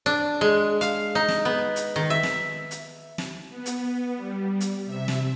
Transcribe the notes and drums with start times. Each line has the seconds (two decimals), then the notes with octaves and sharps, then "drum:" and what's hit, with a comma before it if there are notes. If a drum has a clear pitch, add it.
0.06 D4
0.41 G#3
0.81 F5, drum: hi-hat
1.15 D#4
1.28 drum: snare
1.45 B3
1.76 drum: hi-hat
1.96 D#3
2.10 E5
2.23 drum: snare
2.71 drum: hi-hat
3.18 drum: snare
3.49 B3
3.66 drum: hi-hat
4.17 G3
4.60 drum: hi-hat
4.86 C3 E5
5.08 drum: snare